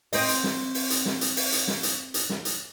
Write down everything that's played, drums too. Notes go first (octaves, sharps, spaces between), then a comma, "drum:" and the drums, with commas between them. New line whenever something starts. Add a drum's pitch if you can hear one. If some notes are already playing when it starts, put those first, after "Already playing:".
C4 D#5, drum: open hi-hat
drum: hi-hat
drum: snare
drum: open hi-hat
drum: hi-hat
drum: snare
drum: hi-hat
drum: open hi-hat
drum: hi-hat
drum: snare
drum: hi-hat
drum: hi-hat
drum: snare
drum: hi-hat